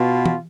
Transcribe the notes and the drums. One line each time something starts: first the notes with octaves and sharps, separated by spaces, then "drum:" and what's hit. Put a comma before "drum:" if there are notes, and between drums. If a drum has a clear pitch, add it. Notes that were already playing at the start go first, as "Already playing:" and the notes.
Already playing: B2 F4
drum: tom